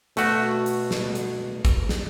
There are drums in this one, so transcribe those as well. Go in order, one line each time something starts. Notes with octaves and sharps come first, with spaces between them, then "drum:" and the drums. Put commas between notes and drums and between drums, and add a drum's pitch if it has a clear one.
B2 A3 F#4, drum: hi-hat
drum: hi-hat
drum: snare
drum: hi-hat
drum: kick, hi-hat
drum: snare